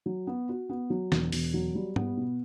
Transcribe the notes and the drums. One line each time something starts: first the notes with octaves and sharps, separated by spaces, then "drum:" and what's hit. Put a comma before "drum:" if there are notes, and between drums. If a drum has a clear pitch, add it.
F#3
B3
F#4
B3
F#3
E1, drum: snare
E1, drum: open hi-hat
F#3
G3
B3, drum: tom G#2
B2